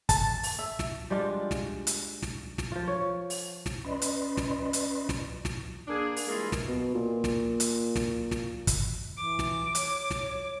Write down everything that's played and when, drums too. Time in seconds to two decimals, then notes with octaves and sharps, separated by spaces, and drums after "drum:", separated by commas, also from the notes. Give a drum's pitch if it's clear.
0.09 A5, drum: kick, hi-hat
0.43 drum: open hi-hat
0.59 E5
0.79 drum: snare
1.10 G3 G#3 D4 F4
1.51 drum: snare
1.87 drum: hi-hat
2.22 drum: snare
2.58 drum: snare
2.72 F3 F4
2.88 C#5
3.30 drum: open hi-hat
3.66 drum: snare
3.84 C#4 B4 D5 D#5 B5 C6
4.02 drum: hi-hat
4.37 drum: snare
4.73 drum: hi-hat
5.09 drum: snare
5.45 drum: snare
5.88 A#3 D4 G#4
6.16 drum: open hi-hat
6.28 E3 G3 G#3 A#3 E4 F4
6.52 drum: snare
6.68 B2
6.95 A#2
7.24 drum: snare
7.60 drum: hi-hat
7.96 drum: snare
8.31 drum: snare
8.67 drum: kick, hi-hat
9.17 E3 D6
9.39 drum: snare
9.75 C#5, drum: hi-hat
10.10 drum: snare